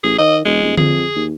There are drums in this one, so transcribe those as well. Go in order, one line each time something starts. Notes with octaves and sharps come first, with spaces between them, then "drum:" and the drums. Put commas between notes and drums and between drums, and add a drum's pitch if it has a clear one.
A1 G#4
D#3 D#5
E1 G#3
D#1
F2 G#4, drum: tom D3
D#2